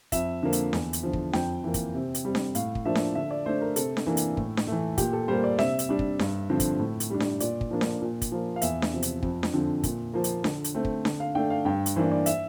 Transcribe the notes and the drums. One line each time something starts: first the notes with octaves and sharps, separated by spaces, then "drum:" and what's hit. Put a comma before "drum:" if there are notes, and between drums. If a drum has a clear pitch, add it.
F2 E5, drum: kick, hi-hat
D3 F3 A#3
drum: hi-hat
E2, drum: snare D4
drum: hi-hat
D3 F3
drum: kick
F2 G5, drum: snare D4
E3 A#3
drum: kick, hi-hat
C3
drum: hi-hat
G3 C4
drum: snare D4
A2 F5, drum: hi-hat
drum: kick
F3 A#3 D4 E5
drum: snare D4
D3 E5
D5
A3 D4 C5
A#4
C3 A4, drum: hi-hat
drum: snare D4
E3 A#3 D4
drum: hi-hat
A2, drum: kick
drum: snare D4
E3 A3
A#2 G4, drum: kick, hi-hat
A4
G3 A#3 C5
D5
C3 E5, drum: snare D4
drum: hi-hat
G3 D4
drum: kick
G2, drum: snare D4
D3 F3 C4
drum: kick, hi-hat
A2
drum: hi-hat
G3 D4
drum: snare D4
A#2 D5, drum: hi-hat
drum: kick
F3 A#3 D4
drum: snare D4
A#2
drum: kick, hi-hat
F3 A#3
F5
E2 E5, drum: hi-hat
drum: snare D4
C3 F3
drum: hi-hat
F2, drum: kick
drum: snare D4
D3 F3 C4
A#2, drum: kick, hi-hat
F3 A#3
drum: hi-hat
D3, drum: snare D4
drum: hi-hat
A3 C4
drum: kick
D3, drum: snare D4
F5
A3 D4 G5
F5
G2 G5
drum: hi-hat
E3 A#3 D4 C5
D5
E5, drum: hi-hat